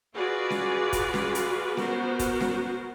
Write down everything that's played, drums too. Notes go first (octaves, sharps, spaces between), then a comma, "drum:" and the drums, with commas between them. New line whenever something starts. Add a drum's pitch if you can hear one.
F4 F#4 G#4 B4 D5
drum: snare C#4
drum: kick, hi-hat
drum: snare C#4
drum: hi-hat
B3 F#4 A#4 C5, drum: snare C#4
drum: kick, hi-hat
drum: snare C#4